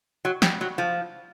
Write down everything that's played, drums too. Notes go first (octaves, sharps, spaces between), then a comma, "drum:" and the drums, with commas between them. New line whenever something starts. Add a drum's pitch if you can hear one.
F#3
G3, drum: snare
F#3
F3